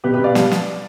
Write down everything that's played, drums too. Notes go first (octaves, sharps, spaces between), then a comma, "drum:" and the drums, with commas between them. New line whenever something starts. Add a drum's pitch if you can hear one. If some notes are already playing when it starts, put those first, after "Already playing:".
B2 G4 B4
G4 B4
B2 D5 F5
G3, drum: snare
drum: snare